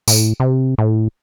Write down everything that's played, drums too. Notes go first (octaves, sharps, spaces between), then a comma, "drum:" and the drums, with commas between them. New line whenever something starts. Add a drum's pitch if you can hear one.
A2, drum: tambourine
C3
A2